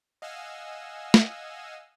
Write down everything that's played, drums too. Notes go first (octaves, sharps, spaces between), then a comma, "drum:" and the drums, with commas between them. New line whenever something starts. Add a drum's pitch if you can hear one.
D#5 F5 F#5 G#5 E6
drum: snare